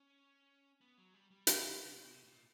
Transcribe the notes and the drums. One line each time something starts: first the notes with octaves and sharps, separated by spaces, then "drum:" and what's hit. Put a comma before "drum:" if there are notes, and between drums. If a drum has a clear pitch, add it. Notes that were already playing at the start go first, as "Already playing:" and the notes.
Already playing: C#4
B3
F#3
G3
G3
F#3, drum: hi-hat
C#3
C3
B2
C3
A2
A#2